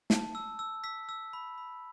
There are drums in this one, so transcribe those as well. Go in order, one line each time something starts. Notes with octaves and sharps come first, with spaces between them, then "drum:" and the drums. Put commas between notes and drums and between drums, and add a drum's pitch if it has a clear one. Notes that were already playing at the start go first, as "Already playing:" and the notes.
A5, drum: snare
E6
E6
E6 B6
E6
B5
B5